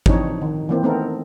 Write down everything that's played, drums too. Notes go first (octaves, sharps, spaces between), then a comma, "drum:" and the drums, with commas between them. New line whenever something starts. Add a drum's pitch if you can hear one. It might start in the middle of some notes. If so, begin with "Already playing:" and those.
E3 F3 C4 D4 D#4 C#5, drum: kick G#1
D#3
E3 A#3 C4
A3 B3 C4 D#4 A4 A#4